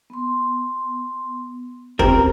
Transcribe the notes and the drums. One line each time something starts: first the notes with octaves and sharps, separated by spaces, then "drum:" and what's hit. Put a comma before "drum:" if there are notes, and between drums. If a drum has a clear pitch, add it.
B3 C6
C4 C#4 F4 G4 A#4, drum: kick